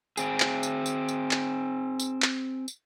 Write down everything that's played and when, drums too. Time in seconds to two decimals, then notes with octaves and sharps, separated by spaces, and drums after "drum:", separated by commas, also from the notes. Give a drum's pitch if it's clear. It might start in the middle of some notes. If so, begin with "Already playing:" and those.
0.17 C4 G#4, drum: tambourine
0.40 drum: clap
0.63 drum: tambourine
0.86 drum: tambourine
1.08 drum: tambourine
1.31 drum: clap
2.00 drum: tambourine
2.22 drum: clap
2.68 drum: tambourine